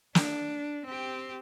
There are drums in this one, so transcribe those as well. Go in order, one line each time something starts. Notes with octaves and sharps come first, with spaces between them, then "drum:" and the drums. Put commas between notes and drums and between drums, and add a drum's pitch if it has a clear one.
D4, drum: snare
C4 G4